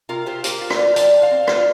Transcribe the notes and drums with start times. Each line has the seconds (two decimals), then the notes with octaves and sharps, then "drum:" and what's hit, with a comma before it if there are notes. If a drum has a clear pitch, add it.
0.09 C3 F4 A#4
0.26 F4 G4 C5
0.44 A#3 G4 C5, drum: hi-hat
0.61 F4
0.70 A#4 D5, drum: rim click
0.79 F4
0.96 F3 D5 G5, drum: hi-hat
1.14 F3
1.22 C5 F5
1.31 C4
1.43 F5
1.47 F4 A#4 D5, drum: rim click